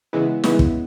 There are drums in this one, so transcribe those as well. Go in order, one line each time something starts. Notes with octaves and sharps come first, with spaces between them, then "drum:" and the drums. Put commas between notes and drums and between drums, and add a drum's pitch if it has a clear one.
C#3 E3 G#3 B3 E4
C#3 E3 G#3 B3 E4, drum: snare
drum: kick